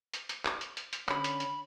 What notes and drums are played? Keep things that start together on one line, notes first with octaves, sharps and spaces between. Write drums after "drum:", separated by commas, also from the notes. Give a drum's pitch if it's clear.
drum: hi-hat
drum: hi-hat
drum: clap
drum: hi-hat
drum: hi-hat
drum: hi-hat
D3 C#4 B5, drum: clap
drum: hi-hat
drum: hi-hat